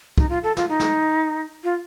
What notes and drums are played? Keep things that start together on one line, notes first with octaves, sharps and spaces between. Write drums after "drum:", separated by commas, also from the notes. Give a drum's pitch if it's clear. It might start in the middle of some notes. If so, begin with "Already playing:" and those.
D#4, drum: kick
F4
A4
F4, drum: snare
D#4
drum: snare
F4